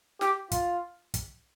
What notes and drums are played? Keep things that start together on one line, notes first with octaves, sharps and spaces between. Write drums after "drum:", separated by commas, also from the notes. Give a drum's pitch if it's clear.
G4, drum: snare
F4, drum: kick, hi-hat
drum: kick, hi-hat